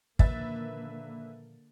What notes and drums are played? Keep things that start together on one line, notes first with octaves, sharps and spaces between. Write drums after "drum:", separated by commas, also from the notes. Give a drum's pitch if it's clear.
A#2 D3 D#3 F3 A#3 B4 E5 A6, drum: kick